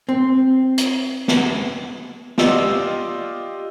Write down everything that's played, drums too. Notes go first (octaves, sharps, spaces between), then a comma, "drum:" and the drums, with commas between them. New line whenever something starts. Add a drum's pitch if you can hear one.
C4
drum: hi-hat
drum: snare
F4 G4 D5 D#5 E6, drum: snare